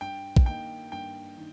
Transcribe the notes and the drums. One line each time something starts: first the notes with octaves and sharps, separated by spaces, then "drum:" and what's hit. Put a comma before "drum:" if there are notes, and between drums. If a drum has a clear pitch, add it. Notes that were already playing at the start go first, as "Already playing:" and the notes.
G2 G5
drum: kick
D#3 A#3 D#4 G5
G2 G5
D#3